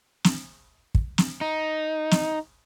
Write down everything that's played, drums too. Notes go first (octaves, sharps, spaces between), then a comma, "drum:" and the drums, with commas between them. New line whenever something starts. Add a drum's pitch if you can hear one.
drum: snare
drum: kick
drum: snare
D#4
drum: snare